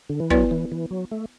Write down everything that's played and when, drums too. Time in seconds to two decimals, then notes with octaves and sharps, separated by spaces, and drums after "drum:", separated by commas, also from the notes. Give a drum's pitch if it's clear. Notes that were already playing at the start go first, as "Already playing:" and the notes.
0.09 D3
0.20 E3
0.30 F#3 B3 E4 B4 D5, drum: kick
0.51 E3
0.72 E3
0.91 F#3
1.11 A3